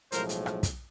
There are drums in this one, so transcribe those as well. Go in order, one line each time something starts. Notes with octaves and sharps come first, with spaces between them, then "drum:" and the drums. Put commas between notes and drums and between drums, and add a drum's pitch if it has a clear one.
B1 A2 F3 G#3 A#4 C5, drum: hi-hat
drum: hi-hat
drum: rim click
drum: kick, hi-hat